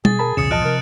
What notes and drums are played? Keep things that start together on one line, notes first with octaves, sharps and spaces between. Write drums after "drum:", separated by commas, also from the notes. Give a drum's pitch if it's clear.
B2 G#4 A6, drum: tom G3
A#4 A5 B5
B1 E2 A2 C#3 D#6 C#7 E7
F3 D#5 A5 F6 F#6 D7
C3 C4 A#4